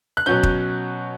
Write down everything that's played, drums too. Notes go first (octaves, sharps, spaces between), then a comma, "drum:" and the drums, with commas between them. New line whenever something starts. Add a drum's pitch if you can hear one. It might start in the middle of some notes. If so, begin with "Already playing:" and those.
F#6
B2 F#3 C#4 G6
drum: kick